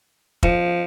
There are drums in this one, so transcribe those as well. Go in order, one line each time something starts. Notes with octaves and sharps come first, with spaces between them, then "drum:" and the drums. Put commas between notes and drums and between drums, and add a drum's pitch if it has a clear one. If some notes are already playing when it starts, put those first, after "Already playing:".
F3, drum: kick